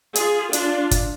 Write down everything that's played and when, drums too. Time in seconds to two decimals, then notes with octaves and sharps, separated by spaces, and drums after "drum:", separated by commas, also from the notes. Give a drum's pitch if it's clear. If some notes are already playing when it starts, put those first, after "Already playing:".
0.15 F4 G#4, drum: hi-hat
0.53 D4 F4, drum: hi-hat
0.91 drum: kick, hi-hat